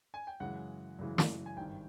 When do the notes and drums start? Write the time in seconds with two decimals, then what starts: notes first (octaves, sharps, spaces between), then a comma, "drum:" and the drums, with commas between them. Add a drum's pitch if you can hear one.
0.14 G#5
0.27 G5
0.40 F#2 C#3 E3 G#3 F#5
0.99 F#2 C#3 E3 G#3
1.18 drum: snare
1.46 G#5
1.56 G#1 G2 D#3 G5